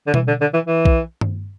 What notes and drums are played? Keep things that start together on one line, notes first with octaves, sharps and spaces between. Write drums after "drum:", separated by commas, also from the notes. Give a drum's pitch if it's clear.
D3
E3, drum: tom B2
D3
D3
E3
E3
drum: kick B1
drum: tom G2